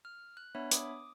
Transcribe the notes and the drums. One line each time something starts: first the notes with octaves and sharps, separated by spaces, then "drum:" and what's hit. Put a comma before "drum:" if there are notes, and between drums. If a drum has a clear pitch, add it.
F6
F#6
B3 D4 C#5 E5 B5
D6 D#6, drum: hi-hat